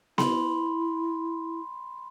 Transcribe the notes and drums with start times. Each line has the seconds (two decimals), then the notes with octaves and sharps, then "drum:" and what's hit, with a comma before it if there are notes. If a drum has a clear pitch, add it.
0.18 E4 B5 C6, drum: snare B3